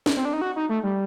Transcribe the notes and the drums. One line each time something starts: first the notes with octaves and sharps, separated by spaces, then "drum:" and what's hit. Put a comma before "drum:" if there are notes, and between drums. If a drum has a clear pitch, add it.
drum: snare
C4
D4
D#4
F#4
D#4
A3
G3